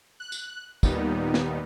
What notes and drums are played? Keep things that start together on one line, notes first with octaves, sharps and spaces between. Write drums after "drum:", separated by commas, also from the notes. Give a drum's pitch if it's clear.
F#6
drum: tambourine
D#2 A#2 D#3 G3 B3 D#4, drum: kick, tambourine
drum: snare